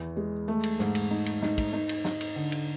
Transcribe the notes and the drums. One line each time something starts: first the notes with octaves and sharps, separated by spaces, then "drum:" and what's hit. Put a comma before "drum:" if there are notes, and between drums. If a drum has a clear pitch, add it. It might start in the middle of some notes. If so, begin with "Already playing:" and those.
Already playing: E2 E3
G#3
A3
drum: cymbal
G#2, drum: snare
drum: cymbal
D#4
drum: cymbal
D#4, drum: snare
drum: kick, cymbal
D#4
drum: cymbal
D#4, drum: snare
drum: cymbal
D3
drum: cymbal